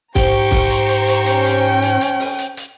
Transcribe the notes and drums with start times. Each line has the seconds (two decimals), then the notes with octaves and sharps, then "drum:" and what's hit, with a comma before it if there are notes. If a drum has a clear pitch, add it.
0.15 G#2 G4 C5 A#5 C#6, drum: kick, hi-hat
0.51 drum: kick, open hi-hat
0.70 drum: hi-hat
0.89 drum: hi-hat
1.08 drum: hi-hat
1.26 C#4 G5, drum: hi-hat
1.45 drum: hi-hat
1.82 drum: hi-hat
2.01 drum: hi-hat
2.20 drum: open hi-hat
2.39 drum: hi-hat
2.57 drum: hi-hat